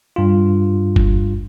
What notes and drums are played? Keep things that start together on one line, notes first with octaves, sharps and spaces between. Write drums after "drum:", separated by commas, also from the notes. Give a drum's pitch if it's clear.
G2 F4
drum: kick G1